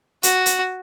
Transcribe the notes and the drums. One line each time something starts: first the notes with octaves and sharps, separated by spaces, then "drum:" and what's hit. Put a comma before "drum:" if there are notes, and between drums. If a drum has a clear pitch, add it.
F#4, drum: hi-hat
drum: hi-hat